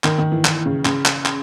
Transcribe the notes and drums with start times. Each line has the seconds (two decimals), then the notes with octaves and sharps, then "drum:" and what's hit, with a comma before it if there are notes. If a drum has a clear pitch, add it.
0.04 D#3, drum: clap
0.18 D#3
0.32 E3
0.45 E3, drum: clap
0.66 C#3
0.85 C#3, drum: clap
1.06 drum: clap
1.26 drum: clap